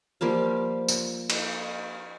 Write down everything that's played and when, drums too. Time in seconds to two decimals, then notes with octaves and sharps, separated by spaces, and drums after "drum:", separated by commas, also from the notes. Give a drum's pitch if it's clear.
0.21 F3 G3 A#3 F5
0.88 drum: tambourine
1.30 drum: cymbal